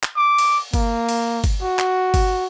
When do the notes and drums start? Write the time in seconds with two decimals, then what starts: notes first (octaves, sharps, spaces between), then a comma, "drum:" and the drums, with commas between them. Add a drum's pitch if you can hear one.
0.03 drum: clap
0.16 D6
0.38 drum: cymbal
0.74 A#3, drum: kick G1, cymbal
1.09 drum: cymbal
1.44 drum: kick G1, cymbal
1.62 F#4
1.79 drum: clap
2.14 drum: kick G1, cymbal